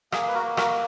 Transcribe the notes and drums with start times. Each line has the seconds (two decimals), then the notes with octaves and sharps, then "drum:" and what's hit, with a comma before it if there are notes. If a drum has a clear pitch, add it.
0.12 A#3 G#4, drum: rim click
0.28 B4
0.34 F#4 A#4
0.42 A#3
0.57 F#4 A#4, drum: rim click